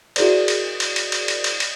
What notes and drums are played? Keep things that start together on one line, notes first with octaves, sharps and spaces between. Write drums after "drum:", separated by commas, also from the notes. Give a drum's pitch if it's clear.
E4 F#4 G#4 A#4 C5 D5, drum: cymbal
drum: cymbal
drum: cymbal
drum: cymbal
drum: cymbal
drum: cymbal
drum: cymbal
drum: cymbal